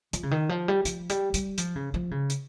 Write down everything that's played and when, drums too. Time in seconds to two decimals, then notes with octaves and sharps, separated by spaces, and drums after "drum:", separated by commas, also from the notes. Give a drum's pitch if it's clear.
0.13 F3, drum: hi-hat
0.23 C#3
0.31 D#3
0.49 F3
0.68 G3
0.85 F3, drum: hi-hat
1.10 G3, drum: hi-hat
1.34 G3, drum: hi-hat
1.58 F3, drum: hi-hat
1.76 C#3
1.94 F3
2.11 C#3
2.30 drum: hi-hat